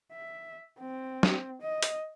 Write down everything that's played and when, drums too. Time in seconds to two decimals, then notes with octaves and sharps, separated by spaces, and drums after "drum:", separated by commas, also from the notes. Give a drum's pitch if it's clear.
0.12 E5
0.79 C4
1.23 drum: snare
1.62 D#5
1.83 drum: hi-hat